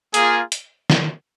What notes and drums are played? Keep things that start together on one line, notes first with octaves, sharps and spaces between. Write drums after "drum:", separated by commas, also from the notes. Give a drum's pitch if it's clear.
A#3 F4 G#4, drum: hi-hat
drum: hi-hat
drum: snare